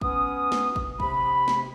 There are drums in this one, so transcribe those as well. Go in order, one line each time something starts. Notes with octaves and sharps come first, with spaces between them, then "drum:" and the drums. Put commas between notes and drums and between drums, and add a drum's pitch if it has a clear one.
B3 C#4 D#6, drum: kick
drum: snare
drum: kick
C3 B5, drum: kick
drum: snare